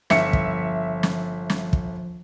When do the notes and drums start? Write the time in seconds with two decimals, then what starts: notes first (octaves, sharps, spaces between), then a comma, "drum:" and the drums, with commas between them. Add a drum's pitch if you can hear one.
0.10 G1 F3 E5 C#7, drum: snare
0.33 drum: kick
1.03 drum: snare
1.50 drum: snare
1.73 drum: kick